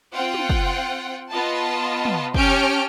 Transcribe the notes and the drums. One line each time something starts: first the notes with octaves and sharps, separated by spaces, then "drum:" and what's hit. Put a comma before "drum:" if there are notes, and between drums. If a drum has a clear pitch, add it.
C4 F4 F#5 G5
drum: tom
drum: kick
B3 F4 D#5 A5
drum: tom
C#4 G4 A5 F6 G6 D7, drum: kick